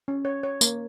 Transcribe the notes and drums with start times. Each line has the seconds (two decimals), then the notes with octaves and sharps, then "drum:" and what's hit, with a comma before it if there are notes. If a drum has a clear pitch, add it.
0.08 C#4
0.25 C#5
0.43 C#5
0.61 A#3, drum: tambourine